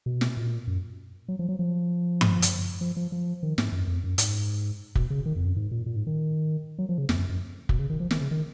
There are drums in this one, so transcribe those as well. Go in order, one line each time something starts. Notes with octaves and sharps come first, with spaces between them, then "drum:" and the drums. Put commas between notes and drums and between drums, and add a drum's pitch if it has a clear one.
B2
drum: snare
A#2
F#2
F#3
F3
F#3
F3
drum: tom G2
drum: hi-hat
F3
F3
F3
D#3
G#2, drum: snare
F#2
F2
F#2
G#2, drum: hi-hat
B2, drum: kick
C#3
D#3
F2
F#2
G#2
A#2
A#2
G#2
D#3
F#3
F3
C#3
F2, drum: snare
F#2
F#2
B2, drum: kick
C#3
D#3
F3
D#3, drum: snare
C#3
D#3